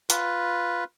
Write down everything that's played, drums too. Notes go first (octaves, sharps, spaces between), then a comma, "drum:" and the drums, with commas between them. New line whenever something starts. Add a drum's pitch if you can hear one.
F4 B4, drum: hi-hat